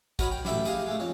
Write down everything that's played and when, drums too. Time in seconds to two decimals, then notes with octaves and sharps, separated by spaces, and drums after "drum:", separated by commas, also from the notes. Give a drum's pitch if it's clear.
0.19 F#4 A#4 B4 C#5 D#5 B5, drum: kick, hi-hat
0.31 G5
0.45 A1 A4 E5 G5 B5 D6, drum: snare
0.65 G4 G#4 D#5 F5, drum: hi-hat
0.86 G#3 A3
0.99 F2 C#5